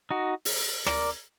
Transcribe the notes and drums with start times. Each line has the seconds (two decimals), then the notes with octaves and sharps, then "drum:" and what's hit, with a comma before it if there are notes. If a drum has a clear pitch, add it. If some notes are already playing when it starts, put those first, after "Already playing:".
0.11 D#4 F#4
0.45 drum: open hi-hat
0.87 A#4 D5, drum: rim click